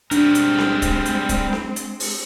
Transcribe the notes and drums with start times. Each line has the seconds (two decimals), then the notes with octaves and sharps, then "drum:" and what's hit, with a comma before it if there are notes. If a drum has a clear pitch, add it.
0.11 G3 G#3 C4 D4 A#4, drum: hi-hat
0.35 drum: hi-hat
0.58 drum: snare C4
0.82 drum: kick C#1, hi-hat
1.06 drum: hi-hat
1.29 drum: kick C#1, hi-hat
1.53 drum: snare C4
1.76 drum: hi-hat
2.00 drum: open hi-hat